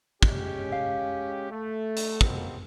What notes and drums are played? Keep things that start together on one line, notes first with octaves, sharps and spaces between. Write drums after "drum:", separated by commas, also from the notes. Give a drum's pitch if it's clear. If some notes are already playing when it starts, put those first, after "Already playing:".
G#3 C#4 G4, drum: kick
F5
A3
drum: hi-hat
B2 A#3 C4, drum: kick